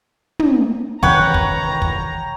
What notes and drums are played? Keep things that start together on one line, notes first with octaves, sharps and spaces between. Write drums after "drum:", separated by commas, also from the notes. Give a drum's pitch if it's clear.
drum: tom
C3 D#3 E3 B4 C#5 F#5 G5 A#5, drum: kick
drum: kick
drum: kick